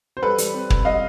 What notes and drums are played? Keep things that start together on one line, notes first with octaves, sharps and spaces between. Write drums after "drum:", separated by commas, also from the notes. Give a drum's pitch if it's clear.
C5
G3 A4 B4
G3, drum: hi-hat
C4
C4, drum: kick
G3 D#5 F5